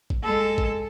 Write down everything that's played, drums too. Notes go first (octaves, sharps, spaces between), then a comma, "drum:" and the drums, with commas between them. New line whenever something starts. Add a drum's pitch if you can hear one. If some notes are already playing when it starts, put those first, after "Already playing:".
drum: kick G#1
G#3 A4
drum: kick G#1